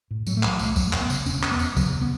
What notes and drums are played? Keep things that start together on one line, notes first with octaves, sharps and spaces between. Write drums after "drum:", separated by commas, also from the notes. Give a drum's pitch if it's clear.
A2
A2 F#3, drum: tambourine
A3
B1 F#3, drum: clap
B1, drum: tambourine
A3
E2 F#3, drum: kick C#2, tambourine
E1, drum: clap
B3
C#3, drum: tambourine
E1 C#4, drum: tambourine
E2, drum: clap
B3
E1, drum: tambourine
C#3 F#3, drum: kick C#2, tambourine
B3